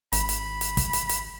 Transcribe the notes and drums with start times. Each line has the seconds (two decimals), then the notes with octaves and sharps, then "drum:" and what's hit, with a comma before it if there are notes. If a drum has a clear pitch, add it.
0.13 G#1 B5, drum: hi-hat
0.29 drum: hi-hat
0.61 drum: hi-hat
0.77 drum: kick, hi-hat
0.93 drum: hi-hat
1.09 drum: hi-hat